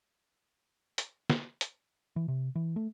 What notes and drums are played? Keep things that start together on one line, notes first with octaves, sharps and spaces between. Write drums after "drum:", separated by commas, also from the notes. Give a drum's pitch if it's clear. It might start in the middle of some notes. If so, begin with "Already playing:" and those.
drum: hi-hat
drum: snare
drum: hi-hat
E3
C3
E3
A3